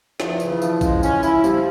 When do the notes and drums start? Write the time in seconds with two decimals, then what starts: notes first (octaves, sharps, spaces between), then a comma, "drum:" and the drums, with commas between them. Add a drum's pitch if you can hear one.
0.20 E2 F3, drum: snare
0.40 C#3, drum: tambourine
0.51 E3
0.62 F3, drum: tambourine
0.81 C#3 G#3, drum: kick A#1, tambourine
1.03 C#4, drum: tambourine
1.23 E4, drum: tambourine
1.44 F3 G3, drum: tambourine